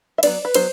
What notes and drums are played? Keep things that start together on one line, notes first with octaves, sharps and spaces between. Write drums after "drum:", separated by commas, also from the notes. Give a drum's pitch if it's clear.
E5
F#3 B3 D4 D5, drum: cymbal
B4
F#3 B3 D4 C5, drum: cymbal